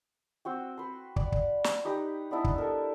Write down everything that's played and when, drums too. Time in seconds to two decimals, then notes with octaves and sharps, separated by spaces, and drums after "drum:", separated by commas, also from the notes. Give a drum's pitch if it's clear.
0.45 C4 F#4 G5
0.78 B4 C6
1.16 D5, drum: kick
1.32 drum: kick
1.64 drum: snare
1.85 D#4 G4 B4 A#5
2.31 B3 D4 E4 D#5
2.44 drum: kick
2.56 A4 A#4 E5